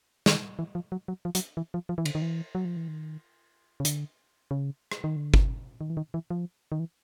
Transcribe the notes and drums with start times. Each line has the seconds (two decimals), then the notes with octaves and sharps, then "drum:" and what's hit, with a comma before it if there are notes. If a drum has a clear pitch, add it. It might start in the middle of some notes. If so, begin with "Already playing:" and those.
0.26 D#3, drum: snare
0.59 E3
0.75 F3
0.92 F#3
1.08 F#3
1.25 F3
1.35 F#3, drum: hi-hat
1.57 E3
1.74 F3
1.89 F3
1.98 E3
2.06 D3, drum: cymbal
2.15 D#3
2.22 E3
2.55 F#3
2.65 F3
2.77 E3
2.88 D#3
3.80 C#3
3.85 D3, drum: hi-hat
4.51 C#3
4.92 drum: rim click
5.04 D#3
5.16 D3
5.34 drum: kick G1
5.81 D#3
5.90 E3
5.97 D#3
6.14 E3
6.30 F3
6.72 D#3
6.80 E3